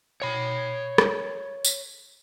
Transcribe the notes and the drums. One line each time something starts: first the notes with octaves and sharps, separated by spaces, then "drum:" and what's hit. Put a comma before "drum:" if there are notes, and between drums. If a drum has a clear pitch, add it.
C#5 B5
drum: rim click
drum: tambourine